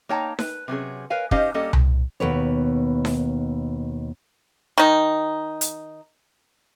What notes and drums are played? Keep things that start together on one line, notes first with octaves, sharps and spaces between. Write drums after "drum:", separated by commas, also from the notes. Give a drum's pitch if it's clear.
A#3 D#4 C#5 G5 A5 A#5
B4, drum: snare D#4
C3 F#3 C#4 G#4
A#4 B4 C#5 F5 G#5
C#4 D#4 G4 C5 D#5 F5, drum: kick
G3 A#3 C#4 A4 D#5
drum: tom C2
D#2 B2 B4 C#5
drum: snare D#4
D#3 D#4
drum: hi-hat